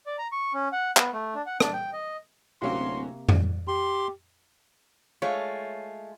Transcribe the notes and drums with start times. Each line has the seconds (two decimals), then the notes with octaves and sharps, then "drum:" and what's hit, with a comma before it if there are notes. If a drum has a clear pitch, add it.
0.06 D5
0.18 A#5
0.32 C#6
0.53 C#4
0.72 F#5
0.97 B3, drum: clap
1.13 A3
1.34 D4
1.46 F#5
1.60 D4, drum: rim click
1.73 G5
1.93 D#5
2.62 D1 C3 A#3 C4 C#4 F#4 C6
3.29 drum: tom F2
3.68 G4 C6
5.22 G#3 A3 F4 C#5